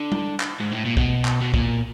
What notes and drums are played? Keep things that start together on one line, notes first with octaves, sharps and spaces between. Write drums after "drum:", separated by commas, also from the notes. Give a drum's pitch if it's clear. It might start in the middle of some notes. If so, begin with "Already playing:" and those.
Already playing: D3
drum: tom G3
drum: clap
G#2
A2
A#2
B2, drum: kick
drum: clap
B2
A#2, drum: kick